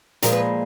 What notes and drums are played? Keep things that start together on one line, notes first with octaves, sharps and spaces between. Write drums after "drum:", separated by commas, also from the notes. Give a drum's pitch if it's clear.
A#2 F3 G#3 A#4, drum: hi-hat
B4